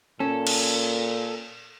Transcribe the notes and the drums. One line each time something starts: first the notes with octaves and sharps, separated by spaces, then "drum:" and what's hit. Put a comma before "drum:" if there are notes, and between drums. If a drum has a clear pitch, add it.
A#2 C#4 A4
drum: cymbal